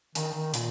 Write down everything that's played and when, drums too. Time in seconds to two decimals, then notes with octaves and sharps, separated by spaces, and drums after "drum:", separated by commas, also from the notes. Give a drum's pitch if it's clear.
0.15 D#3, drum: hi-hat
0.34 D#3
0.54 A#2, drum: hi-hat